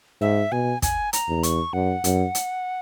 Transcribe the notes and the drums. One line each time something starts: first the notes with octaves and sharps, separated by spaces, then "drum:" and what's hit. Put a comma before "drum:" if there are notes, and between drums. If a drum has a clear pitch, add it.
G#2 E5
B2 G#5
G#5, drum: kick, hi-hat
A#5, drum: hi-hat
E2
C#6, drum: hi-hat
F#2 F#5
F#2, drum: hi-hat
drum: hi-hat